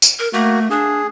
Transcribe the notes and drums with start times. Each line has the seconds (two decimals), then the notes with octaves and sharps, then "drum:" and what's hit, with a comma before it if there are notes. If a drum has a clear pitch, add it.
0.02 drum: tambourine
0.19 A#4
0.33 A3 A#3 F#4
0.70 D4 G#4